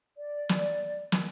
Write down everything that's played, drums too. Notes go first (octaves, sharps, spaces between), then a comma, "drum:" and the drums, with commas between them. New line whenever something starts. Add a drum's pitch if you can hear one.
D5
drum: snare
drum: snare